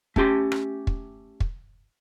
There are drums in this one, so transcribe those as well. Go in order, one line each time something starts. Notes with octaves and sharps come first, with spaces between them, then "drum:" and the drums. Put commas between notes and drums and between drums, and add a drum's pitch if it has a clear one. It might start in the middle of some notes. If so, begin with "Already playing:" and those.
A3 C#4 G4 C6, drum: kick
drum: rim click
drum: kick
drum: kick